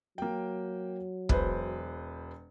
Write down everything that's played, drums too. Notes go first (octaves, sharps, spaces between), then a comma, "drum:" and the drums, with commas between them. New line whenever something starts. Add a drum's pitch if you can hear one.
F#3 A#3 G5
E1 B4 C5, drum: kick